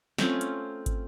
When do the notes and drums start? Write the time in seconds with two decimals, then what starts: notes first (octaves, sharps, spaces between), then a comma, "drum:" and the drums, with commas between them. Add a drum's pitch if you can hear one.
0.18 A3 C4 C#4 F4, drum: snare
0.41 drum: hi-hat
0.86 drum: kick, hi-hat